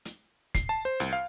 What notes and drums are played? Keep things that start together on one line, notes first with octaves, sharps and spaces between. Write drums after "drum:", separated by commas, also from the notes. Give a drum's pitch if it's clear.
drum: hi-hat
C7, drum: kick, hi-hat
A5
C5
C2, drum: hi-hat
F5